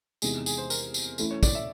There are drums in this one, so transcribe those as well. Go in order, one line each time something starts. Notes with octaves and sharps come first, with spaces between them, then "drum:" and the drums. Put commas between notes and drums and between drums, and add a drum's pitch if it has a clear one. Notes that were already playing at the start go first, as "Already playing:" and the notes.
E2 C3 D#3 G#3 G#4, drum: tambourine
G#4, drum: tambourine
C5
A#4, drum: tambourine
drum: tambourine
E3 A3 C#4 E4, drum: tambourine
C#5
D5, drum: kick, tambourine
E5